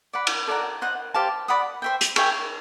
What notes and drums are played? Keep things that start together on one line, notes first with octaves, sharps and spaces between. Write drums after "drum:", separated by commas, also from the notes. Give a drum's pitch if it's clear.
D5 F#5 B5
drum: cymbal
A4 D5 F#5 A#5
C5 D#5 F#5
G4 C5 F5 A5
D5 F#5 B5 D#6
C5 E5 G5
drum: hi-hat
G#4 C#5 E5 G5, drum: cymbal